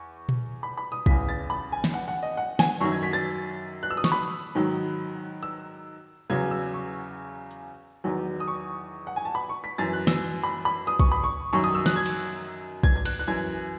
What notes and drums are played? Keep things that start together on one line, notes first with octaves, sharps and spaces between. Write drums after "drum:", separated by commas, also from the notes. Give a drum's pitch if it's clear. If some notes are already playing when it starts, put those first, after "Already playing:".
Already playing: E2 C#6
drum: tom A#2
B5
B5
D#6
E2 C#3 E3 B6, drum: kick
A6
B5
G#5
drum: snare
F#5
F#5
D#5
F#5
G#5, drum: snare
F#2 D#3 F#3 C#6
G#6
B6
A6
F#6
E6
D#6
C#6, drum: snare
B5
G#2 D#3 F#3
E6, drum: hi-hat
E2 C#3 F#3 G#6
E6
C#6
drum: hi-hat
E2 D#3 F#3
D#6
C#6
F#5
G#5
A5
B5
C#6
B6
F#2 E3 A6
F#6
E6, drum: snare
B5
B5
D#6
C#6, drum: kick
B5
C#6
F#2 D#3 F#3 C#6
D#6, drum: hi-hat
E6
F#6, drum: snare
G#6
drum: cymbal
G#6, drum: kick
G#6
F#6, drum: cymbal
F#6
F#2 E3 G#6